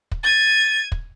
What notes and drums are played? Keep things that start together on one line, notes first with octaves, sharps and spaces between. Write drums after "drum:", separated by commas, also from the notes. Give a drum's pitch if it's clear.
drum: kick
G#6 A6 D#7
drum: kick